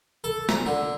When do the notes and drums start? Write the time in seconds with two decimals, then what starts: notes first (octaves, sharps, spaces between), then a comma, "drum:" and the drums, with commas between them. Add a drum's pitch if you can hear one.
0.24 A4
0.49 A#5, drum: snare
0.66 D3